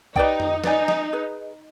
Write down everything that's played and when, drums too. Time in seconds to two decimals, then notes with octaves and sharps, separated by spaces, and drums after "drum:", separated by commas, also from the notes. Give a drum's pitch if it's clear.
0.16 D#4 G4 B4 D5 G5, drum: kick
0.40 drum: tom F2
0.64 D#4 B4 D5 G#5, drum: snare
0.88 drum: snare
1.13 G#4 B4